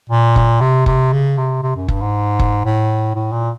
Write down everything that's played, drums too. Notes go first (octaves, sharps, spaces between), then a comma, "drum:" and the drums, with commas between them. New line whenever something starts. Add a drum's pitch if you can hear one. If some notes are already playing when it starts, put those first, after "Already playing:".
A#2
drum: kick F#1
C3
C3, drum: kick F#1
C#3
C3
C3
F#2
G2, drum: kick F#1
G#2
drum: kick F#1
A2
A2
A#2